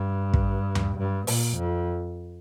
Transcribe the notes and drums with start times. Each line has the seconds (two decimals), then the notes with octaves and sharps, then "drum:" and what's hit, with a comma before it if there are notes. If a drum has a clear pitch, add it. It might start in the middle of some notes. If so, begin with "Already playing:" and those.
Already playing: G2
0.34 drum: kick
0.75 drum: tom D#2
0.98 G2
1.27 A#2, drum: open hi-hat
1.57 F2